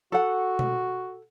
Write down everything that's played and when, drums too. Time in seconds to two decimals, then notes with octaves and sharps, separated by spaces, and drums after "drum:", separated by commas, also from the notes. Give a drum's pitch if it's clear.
0.12 F#4 A4 F#5
0.59 drum: tom B2